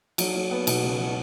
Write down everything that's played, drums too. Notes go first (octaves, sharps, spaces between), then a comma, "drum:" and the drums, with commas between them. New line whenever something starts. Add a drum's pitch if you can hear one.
F#3, drum: cymbal
F#3
B3
B2, drum: cymbal
C#2
F#3